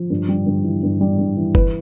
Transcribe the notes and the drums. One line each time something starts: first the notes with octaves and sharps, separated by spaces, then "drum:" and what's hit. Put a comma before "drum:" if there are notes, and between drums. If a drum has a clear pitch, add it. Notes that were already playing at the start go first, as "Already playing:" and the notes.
Already playing: F3
G2
G3
G2
E3
G2
G3
G2
E3
B4, drum: kick F#1